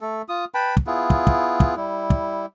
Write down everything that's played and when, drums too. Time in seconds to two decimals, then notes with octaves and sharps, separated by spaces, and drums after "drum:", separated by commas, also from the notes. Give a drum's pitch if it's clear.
0.01 A3 A4
0.29 F4 D#6
0.54 B4 G5 A5 B5
0.77 drum: kick
0.87 B3 E4 F4 G#4
1.10 drum: kick
1.27 drum: kick
1.60 drum: kick
1.77 G3 E4
2.10 drum: kick